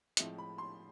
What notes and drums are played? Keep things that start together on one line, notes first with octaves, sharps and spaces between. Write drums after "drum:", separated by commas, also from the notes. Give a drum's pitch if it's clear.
A2 F3 G#3 C4 E5, drum: hi-hat
B5
C6